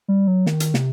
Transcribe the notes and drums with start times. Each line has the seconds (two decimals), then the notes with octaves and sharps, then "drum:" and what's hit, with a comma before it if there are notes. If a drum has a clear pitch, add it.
0.08 G3
0.27 F#3
0.46 D#3, drum: snare
0.60 drum: hi-hat
0.74 C3, drum: snare